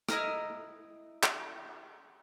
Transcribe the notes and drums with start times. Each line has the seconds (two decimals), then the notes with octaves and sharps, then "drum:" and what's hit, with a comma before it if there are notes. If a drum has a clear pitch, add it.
0.09 E4 D#5 A#5 F6, drum: rim click
1.23 drum: clap